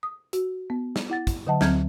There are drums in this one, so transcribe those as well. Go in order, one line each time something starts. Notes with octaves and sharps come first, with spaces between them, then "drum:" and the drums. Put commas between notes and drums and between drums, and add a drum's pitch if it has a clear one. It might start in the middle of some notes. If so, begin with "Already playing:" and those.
D#6
F#4, drum: hi-hat
B3
drum: snare
E4 F#5 A6
drum: kick, hi-hat
D3 F#3 D#5 F#5 A5
D2 F#3 C4 F6 G6 G#6, drum: snare